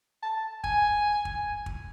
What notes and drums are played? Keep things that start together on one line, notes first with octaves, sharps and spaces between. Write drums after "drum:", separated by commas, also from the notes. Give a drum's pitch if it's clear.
A5
G#5, drum: kick
drum: kick
drum: kick